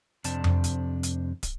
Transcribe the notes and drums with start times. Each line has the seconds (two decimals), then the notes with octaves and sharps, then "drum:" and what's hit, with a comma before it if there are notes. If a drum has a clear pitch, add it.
0.24 F2 C3 D4 A5, drum: hi-hat
0.44 drum: tom F2
0.64 drum: hi-hat
1.03 drum: hi-hat
1.43 drum: kick, hi-hat